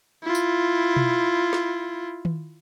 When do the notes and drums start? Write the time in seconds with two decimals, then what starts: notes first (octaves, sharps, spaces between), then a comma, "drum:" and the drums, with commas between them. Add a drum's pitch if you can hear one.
0.24 E4 F4
0.35 drum: tambourine
0.97 drum: tom B2
1.53 drum: snare
2.25 drum: tom D#3